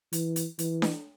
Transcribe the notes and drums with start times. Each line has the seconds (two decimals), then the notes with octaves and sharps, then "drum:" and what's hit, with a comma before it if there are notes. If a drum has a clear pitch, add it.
0.13 E3, drum: hi-hat
0.36 drum: hi-hat
0.59 E3, drum: hi-hat
0.82 drum: snare D4